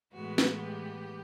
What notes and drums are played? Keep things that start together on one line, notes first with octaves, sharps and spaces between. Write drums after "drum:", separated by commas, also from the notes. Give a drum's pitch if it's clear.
A2 E3 G#3 B3 F#4
drum: snare
G4